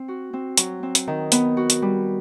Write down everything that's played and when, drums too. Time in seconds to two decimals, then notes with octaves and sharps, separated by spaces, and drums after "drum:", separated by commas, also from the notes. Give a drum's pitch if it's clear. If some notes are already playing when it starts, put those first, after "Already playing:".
Already playing: C4
0.08 F#4
0.33 C4
0.57 F#3, drum: hi-hat
0.83 C4
0.95 drum: hi-hat
1.07 D#3
1.32 B3, drum: hi-hat
1.57 F#4
1.70 drum: hi-hat
1.82 G3